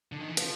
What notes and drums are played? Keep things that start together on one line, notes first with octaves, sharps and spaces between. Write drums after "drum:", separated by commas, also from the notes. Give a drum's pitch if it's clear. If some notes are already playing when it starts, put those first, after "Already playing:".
D3
D#3
E3
F3, drum: hi-hat